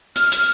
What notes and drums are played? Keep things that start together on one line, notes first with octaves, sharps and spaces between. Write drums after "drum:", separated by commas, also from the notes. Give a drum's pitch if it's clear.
F6, drum: hi-hat
drum: hi-hat